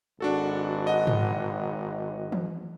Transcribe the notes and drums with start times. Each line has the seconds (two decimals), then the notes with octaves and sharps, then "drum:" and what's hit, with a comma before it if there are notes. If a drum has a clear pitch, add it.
0.20 G#1 D4 F#4 A4
0.87 D#5 F#5
1.07 drum: tom G#2
2.32 drum: tom E3